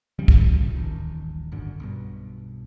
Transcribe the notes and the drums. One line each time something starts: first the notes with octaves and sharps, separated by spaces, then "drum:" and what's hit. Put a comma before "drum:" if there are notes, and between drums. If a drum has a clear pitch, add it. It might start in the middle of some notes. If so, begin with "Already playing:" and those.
C#3 F3 G3 C#4
drum: kick
D#1 A1 D#3
G#1 F#2 D3
B1 G2 B2